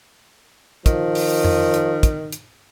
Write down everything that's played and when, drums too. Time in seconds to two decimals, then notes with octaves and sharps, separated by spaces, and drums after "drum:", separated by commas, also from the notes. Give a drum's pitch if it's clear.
0.86 D#3 F3, drum: kick, hi-hat
1.15 drum: open hi-hat
1.44 drum: tom F2
1.74 drum: hi-hat
2.03 drum: kick, hi-hat
2.32 drum: hi-hat